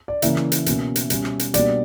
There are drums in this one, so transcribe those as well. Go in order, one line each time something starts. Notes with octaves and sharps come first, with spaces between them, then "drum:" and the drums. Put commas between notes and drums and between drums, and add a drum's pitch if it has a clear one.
D5
C#3 E3 A#3 C#4 E5, drum: hi-hat
drum: rim click
drum: hi-hat
B2 A#3 C#4, drum: hi-hat
drum: hi-hat
B2 G3 C#4, drum: hi-hat
drum: rim click
drum: hi-hat
B2 G3 A#3 D4 D5, drum: hi-hat